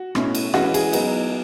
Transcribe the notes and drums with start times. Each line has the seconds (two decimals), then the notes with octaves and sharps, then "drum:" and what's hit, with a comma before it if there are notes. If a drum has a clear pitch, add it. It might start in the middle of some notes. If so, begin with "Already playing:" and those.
Already playing: F#4
0.15 B2 A3 C#4 E4, drum: rim click
0.35 drum: cymbal
0.54 E3 G#3 C#4 E4 F#4, drum: rim click
0.74 G#4, drum: cymbal
0.93 F#3 B3 D#4, drum: cymbal